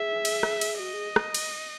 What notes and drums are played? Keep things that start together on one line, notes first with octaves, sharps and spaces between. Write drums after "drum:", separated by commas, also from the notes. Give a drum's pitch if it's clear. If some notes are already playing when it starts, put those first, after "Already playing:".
Already playing: G#4 E5
drum: cymbal
drum: rim click
drum: cymbal
F#4 D#5
G#4
drum: rim click
drum: cymbal